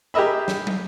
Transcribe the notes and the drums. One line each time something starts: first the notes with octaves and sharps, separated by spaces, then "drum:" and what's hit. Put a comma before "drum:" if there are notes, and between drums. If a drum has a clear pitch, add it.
G4 G#4 A#4 D#5 E5 B5
drum: snare
drum: tom